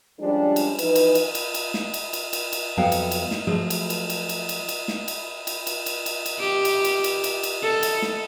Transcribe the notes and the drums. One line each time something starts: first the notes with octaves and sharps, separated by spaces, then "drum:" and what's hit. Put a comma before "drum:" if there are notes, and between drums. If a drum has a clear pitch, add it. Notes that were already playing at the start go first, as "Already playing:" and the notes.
F3 G3 G#3 C#4 D4 G#4
drum: cymbal
E3 F3 D#4 B4, drum: cymbal
drum: cymbal
drum: cymbal
drum: cymbal
drum: cymbal
drum: snare
drum: cymbal
drum: cymbal
drum: cymbal
drum: cymbal
F2 F#3 B3 A4 F5 G5
drum: cymbal
drum: cymbal
drum: snare
F3 F#3 A3 G#4
drum: cymbal
drum: cymbal
drum: cymbal
drum: cymbal
drum: cymbal
drum: cymbal
drum: snare
drum: cymbal
drum: cymbal
drum: cymbal
drum: cymbal
drum: cymbal
drum: cymbal
G4
drum: cymbal
drum: cymbal
drum: cymbal
drum: cymbal
drum: cymbal
A4
drum: cymbal
drum: snare